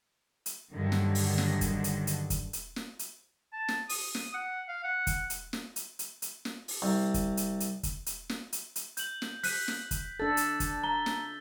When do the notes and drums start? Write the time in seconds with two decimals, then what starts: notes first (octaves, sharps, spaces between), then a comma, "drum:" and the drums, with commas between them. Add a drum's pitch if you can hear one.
0.46 drum: hi-hat
0.73 G2 D3 D#3 F#3
0.92 drum: snare
1.15 drum: open hi-hat
1.38 drum: snare
1.61 drum: kick, hi-hat
1.84 drum: hi-hat
2.07 drum: hi-hat
2.30 drum: kick, hi-hat
2.53 drum: hi-hat
2.76 drum: snare
2.99 drum: hi-hat
3.53 A5
3.68 drum: snare
3.89 D#6, drum: open hi-hat
4.15 drum: snare
4.34 F#5
4.69 F5
4.84 F#5
5.07 drum: kick, hi-hat
5.30 drum: hi-hat
5.53 drum: snare
5.76 drum: hi-hat
5.99 drum: hi-hat
6.22 drum: hi-hat
6.45 drum: snare
6.68 drum: open hi-hat
6.82 C2
7.14 drum: kick, hi-hat
7.37 drum: hi-hat
7.60 drum: hi-hat
7.83 drum: kick, hi-hat
8.06 drum: hi-hat
8.29 drum: snare
8.53 drum: hi-hat
8.76 drum: hi-hat
8.97 G6 F#7, drum: hi-hat
9.22 drum: snare
9.43 F#6 B6 D#7, drum: open hi-hat
9.68 drum: snare
9.91 drum: kick, hi-hat
10.20 D4 A4 A6
10.37 drum: hi-hat
10.60 drum: kick, hi-hat
10.84 A#5 G7
11.06 drum: snare